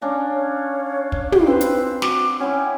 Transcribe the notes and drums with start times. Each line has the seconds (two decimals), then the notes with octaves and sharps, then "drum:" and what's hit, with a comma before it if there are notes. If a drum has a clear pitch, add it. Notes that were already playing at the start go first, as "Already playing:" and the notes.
0.02 C#4 D4 F5 A#5
0.34 C#5
1.12 drum: kick
1.32 drum: tom
1.47 C4 B4 C6
1.61 drum: hi-hat
2.02 F#4 D6, drum: snare
2.40 C#4 E4 F#5 G5